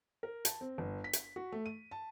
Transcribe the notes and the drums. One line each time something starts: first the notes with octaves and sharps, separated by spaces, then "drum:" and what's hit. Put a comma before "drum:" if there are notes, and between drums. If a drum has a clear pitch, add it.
A#4
A5, drum: hi-hat
C4
G1
B6
drum: hi-hat
F#4
A3
D#7
A5